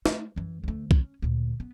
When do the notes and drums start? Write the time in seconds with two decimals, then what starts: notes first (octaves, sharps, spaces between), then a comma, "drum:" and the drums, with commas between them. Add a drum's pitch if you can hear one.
0.06 A3, drum: snare
0.36 F#2 E3
0.64 D2 A3
0.91 C#4, drum: kick
1.22 D2 A#2
1.60 B3